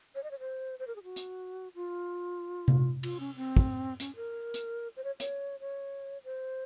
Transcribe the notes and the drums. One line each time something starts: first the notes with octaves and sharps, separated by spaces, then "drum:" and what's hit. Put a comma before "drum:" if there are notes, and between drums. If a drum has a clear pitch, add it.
C#5
D#5
C#5
C5
C5
A#4
G#4
F#4
drum: hi-hat
F4
drum: tom C3
F4, drum: cymbal
C#4
C4
drum: kick
C#4, drum: hi-hat
A#4
drum: hi-hat
C5
C#5
C#5, drum: hi-hat
C#5
C5